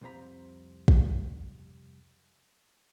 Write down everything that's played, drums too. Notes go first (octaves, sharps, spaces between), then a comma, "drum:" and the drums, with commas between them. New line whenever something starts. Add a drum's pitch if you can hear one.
C2 F2 C3 C5 A#5 B5
drum: kick